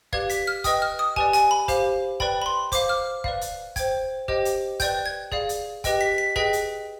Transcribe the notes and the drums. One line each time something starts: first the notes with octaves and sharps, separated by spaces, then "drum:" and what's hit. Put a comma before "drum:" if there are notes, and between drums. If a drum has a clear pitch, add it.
G4 B4 D5 F5 G#6, drum: kick
B6, drum: hi-hat
F6
B4 D#5 G5 D#6, drum: kick, hi-hat
F6
D#6
G4 B4 D5 G#5, drum: kick
G#5, drum: hi-hat
B5
G4 C5 F5, drum: kick, hi-hat
B4 D5 G5 B5, drum: kick
B5
C6
C5 F5 D6, drum: kick, hi-hat
F6
B4 D5 F5, drum: kick
drum: hi-hat
C5 G5 G#6, drum: kick, hi-hat
G4 C5 D#5 G5, drum: kick
drum: hi-hat
B4 D5 G5 G6, drum: kick, hi-hat
G#6
G#4 D5 F5, drum: kick
drum: hi-hat
G4 B4 D#5 G5, drum: kick, hi-hat
B6
B6
G#4 B4 D#5 G5 B6, drum: kick
drum: hi-hat